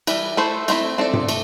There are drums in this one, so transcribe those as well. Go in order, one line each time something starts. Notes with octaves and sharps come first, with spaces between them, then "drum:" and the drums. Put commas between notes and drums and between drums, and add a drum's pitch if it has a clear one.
E3 G3 E4, drum: cymbal
A3 E4 A4 C5
A3 C4 E4, drum: cymbal
C4 A4 D5
drum: tom G2
A3, drum: cymbal